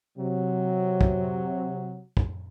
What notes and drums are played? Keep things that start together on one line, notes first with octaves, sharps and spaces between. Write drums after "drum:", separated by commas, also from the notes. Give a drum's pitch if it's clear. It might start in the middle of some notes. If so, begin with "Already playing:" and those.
C3 F#3
drum: kick
drum: kick